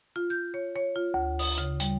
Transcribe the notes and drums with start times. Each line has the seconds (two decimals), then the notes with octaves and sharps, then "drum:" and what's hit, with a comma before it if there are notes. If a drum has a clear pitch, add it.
0.16 F4
0.30 G6
0.54 C#5
0.76 C#5
0.96 F4
1.14 D2
1.39 D#6, drum: open hi-hat
1.58 C#3, drum: hi-hat
1.80 G3, drum: hi-hat